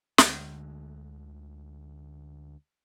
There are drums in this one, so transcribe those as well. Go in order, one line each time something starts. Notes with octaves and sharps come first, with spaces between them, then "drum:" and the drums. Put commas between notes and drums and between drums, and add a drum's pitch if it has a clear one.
D2 D3 G#3, drum: snare